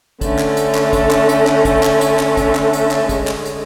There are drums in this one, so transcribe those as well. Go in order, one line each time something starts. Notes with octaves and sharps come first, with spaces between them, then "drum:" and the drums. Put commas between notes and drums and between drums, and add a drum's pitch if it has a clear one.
D3 A3 C#4, drum: kick, hi-hat
drum: clap
drum: hi-hat
drum: clap
drum: kick, hi-hat
drum: clap
drum: hi-hat
drum: clap
drum: kick, hi-hat
drum: clap
drum: hi-hat
drum: clap
drum: kick, hi-hat
drum: clap
drum: hi-hat
drum: clap
D3 G#3 C#4, drum: kick, hi-hat
drum: clap
drum: hi-hat